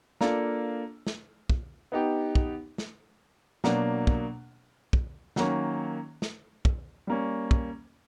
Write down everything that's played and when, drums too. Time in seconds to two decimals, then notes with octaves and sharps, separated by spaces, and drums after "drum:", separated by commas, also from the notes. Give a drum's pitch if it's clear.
0.21 A#3 D4 F4 A4, drum: snare
1.07 drum: snare
1.50 drum: kick
1.92 B3 D#4 G4
2.35 drum: kick
2.78 drum: snare
3.64 B2 F#3 A#3 D4, drum: snare
4.07 drum: kick
4.93 drum: kick
5.36 D#3 F#3 A#3 C#4, drum: snare
6.22 drum: snare
6.65 drum: kick
7.07 G3 A#3 C#4
7.51 drum: kick